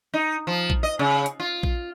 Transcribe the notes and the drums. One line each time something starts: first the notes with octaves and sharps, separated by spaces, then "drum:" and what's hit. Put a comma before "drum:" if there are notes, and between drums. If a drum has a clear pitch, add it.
D#4
F3
drum: kick A#1
D#5
C#3
drum: hi-hat
F4
drum: kick A#1